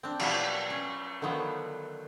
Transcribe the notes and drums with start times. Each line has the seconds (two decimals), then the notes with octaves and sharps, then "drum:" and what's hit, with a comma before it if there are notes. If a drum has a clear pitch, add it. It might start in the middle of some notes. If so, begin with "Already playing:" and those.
0.03 C4 D4
0.19 B2 F#3 G3 F4 C5 E5, drum: cymbal
0.70 C#4
1.22 D3 D#3 F3 F#3 B3